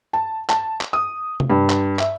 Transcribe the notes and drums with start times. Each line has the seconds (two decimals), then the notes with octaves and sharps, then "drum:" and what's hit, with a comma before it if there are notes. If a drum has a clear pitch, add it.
0.13 A5
0.49 A5, drum: clap
0.81 drum: clap
0.93 D#6
1.40 drum: tom C3
1.50 G2
1.69 drum: clap
1.99 E5, drum: clap